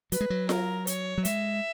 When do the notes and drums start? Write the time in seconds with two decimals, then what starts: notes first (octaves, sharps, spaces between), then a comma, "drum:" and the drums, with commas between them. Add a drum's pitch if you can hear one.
0.12 F#3 B4, drum: hi-hat
0.21 G#3
0.30 F#3
0.49 A#4, drum: snare F4
0.87 C#5, drum: hi-hat
1.18 F#3
1.25 G#3 E5, drum: hi-hat